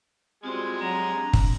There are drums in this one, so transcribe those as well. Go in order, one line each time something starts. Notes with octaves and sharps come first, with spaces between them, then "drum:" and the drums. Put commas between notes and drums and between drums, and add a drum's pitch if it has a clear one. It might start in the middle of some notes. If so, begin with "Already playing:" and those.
G3 G#3 C4 F4 F#4 D5 G#5
F#3 C4 A#5
D4
drum: kick